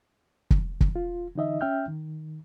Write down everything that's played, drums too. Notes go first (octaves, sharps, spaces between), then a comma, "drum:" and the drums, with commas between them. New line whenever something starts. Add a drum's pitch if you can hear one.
drum: kick
drum: kick
F4
D3 E3 D#4 D#5 E5
C#4 E5 G5 F6 G6
D#3